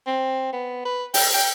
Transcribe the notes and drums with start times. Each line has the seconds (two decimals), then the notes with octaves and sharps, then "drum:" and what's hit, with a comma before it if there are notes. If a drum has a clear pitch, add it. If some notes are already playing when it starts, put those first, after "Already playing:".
0.07 C4
0.53 B3
0.85 B4
1.14 G5, drum: open hi-hat
1.34 G5